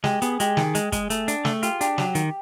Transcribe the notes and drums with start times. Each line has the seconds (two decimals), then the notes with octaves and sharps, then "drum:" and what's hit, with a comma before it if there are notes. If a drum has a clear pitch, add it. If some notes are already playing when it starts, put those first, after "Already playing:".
0.04 G#3 G4, drum: snare
0.22 B3 G#4, drum: hi-hat
0.40 G#3 G4, drum: hi-hat
0.57 D#3 G#4, drum: snare
0.75 G#3, drum: hi-hat
0.92 G#3, drum: kick, hi-hat
1.10 A3, drum: hi-hat
1.28 D4, drum: hi-hat
1.45 A3, drum: snare
1.63 F4 G4, drum: hi-hat
1.81 D4 G4, drum: hi-hat
1.98 F#3 G4, drum: snare
2.15 D#3, drum: hi-hat